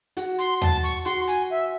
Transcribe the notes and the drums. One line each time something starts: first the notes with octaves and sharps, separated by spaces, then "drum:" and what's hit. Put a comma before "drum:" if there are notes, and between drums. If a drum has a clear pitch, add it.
F#4, drum: hi-hat
C6, drum: hi-hat
A5, drum: tom D#2
C#6, drum: hi-hat
F#4 C6, drum: hi-hat
G#5, drum: hi-hat
E5